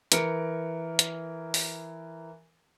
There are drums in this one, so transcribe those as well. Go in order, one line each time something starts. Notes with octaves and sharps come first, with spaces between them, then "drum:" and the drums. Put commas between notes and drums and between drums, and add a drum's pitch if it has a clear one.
E3 A#4 C#7 D7, drum: hi-hat
drum: hi-hat
drum: open hi-hat